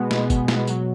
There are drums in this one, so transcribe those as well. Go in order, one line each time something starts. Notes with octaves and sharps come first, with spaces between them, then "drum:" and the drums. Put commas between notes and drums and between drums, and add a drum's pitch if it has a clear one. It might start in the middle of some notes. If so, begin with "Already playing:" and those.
Already playing: B2 G#3 B3
B2, drum: snare
B2, drum: kick, tambourine
B2, drum: snare
F#3, drum: tambourine